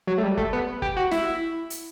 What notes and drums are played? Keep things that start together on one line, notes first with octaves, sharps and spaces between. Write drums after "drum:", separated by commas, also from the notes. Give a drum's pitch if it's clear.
F#3
A3
G3
A3, drum: kick
B3
G4, drum: kick
F#4
E4, drum: snare
drum: hi-hat